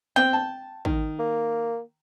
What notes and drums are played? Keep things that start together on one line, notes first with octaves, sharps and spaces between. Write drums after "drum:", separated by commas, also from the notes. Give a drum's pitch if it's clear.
C4 G5
A5
D#3, drum: kick
A#3